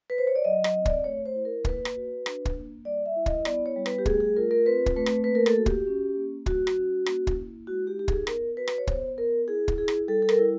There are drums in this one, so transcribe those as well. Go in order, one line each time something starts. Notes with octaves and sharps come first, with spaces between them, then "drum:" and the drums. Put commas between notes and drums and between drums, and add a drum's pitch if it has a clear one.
B4
C5
C#5
D5
F#3 D#5
D#5, drum: rim click
C4 D#5
D5, drum: kick
A3 C#5
C5
E4
A#4
A#3 B4, drum: kick
drum: rim click
F#4
D4, drum: rim click
drum: kick
A#3
G3 D5
E5
E4
D#5, drum: kick
B3 D5, drum: rim click
C#5
G3
B4, drum: rim click
G4
A3 G#4, drum: kick
G#4
F4 A#4
A#4
C4 B4
drum: kick
A3 B4
drum: rim click
A#3 B4
A#4
A4, drum: rim click
F#4
G4, drum: kick
C#4
A#3
G3 F#4, drum: kick
drum: rim click
C#4
A#3, drum: rim click
drum: kick
E4
G#3 F#4
G4
D#4 G4
G#4, drum: kick
B3 A#4, drum: rim click
F#4 B4
drum: rim click
C#5
B3 C5, drum: kick
B3 A#4
E4 G#4
drum: kick
E4 G#4
drum: rim click
G3 A4
A4
A#4, drum: rim click
E4